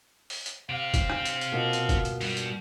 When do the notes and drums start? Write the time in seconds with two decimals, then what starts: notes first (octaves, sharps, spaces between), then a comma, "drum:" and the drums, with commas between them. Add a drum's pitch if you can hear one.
0.30 drum: open hi-hat
0.46 drum: hi-hat
0.70 C4 G4 F5
0.94 drum: kick, hi-hat
1.10 drum: rim click
1.25 drum: hi-hat
1.41 drum: hi-hat
1.52 B2 A#3 F4
1.73 drum: hi-hat
1.89 drum: kick, hi-hat
2.05 drum: hi-hat
2.21 G2 G3, drum: open hi-hat
2.37 drum: hi-hat